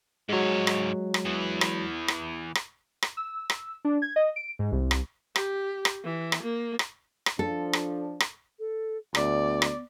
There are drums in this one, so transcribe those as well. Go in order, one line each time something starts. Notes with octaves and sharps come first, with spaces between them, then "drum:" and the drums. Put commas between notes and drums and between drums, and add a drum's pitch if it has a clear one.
G#2 F#3 G#3 C#5
drum: rim click
drum: rim click
E3 B3
drum: rim click
drum: rim click
drum: rim click
drum: rim click
E6
drum: rim click
D4
G#6
D#5
D7
G#2
C2
drum: rim click
G4, drum: rim click
drum: rim click
E3
drum: rim click
A#3
drum: rim click
drum: rim click
F3 D4 A4
drum: rim click
drum: rim click
A4
D2 B3 D5, drum: rim click
drum: rim click